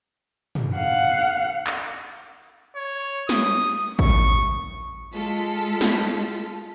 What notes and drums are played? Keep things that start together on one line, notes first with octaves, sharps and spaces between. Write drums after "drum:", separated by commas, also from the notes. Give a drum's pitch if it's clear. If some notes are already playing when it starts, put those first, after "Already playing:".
drum: tom
F5 F#5
drum: clap
C#5
D#6, drum: snare
C#6, drum: kick A1
G#3 F4 A4 B6, drum: open hi-hat
drum: snare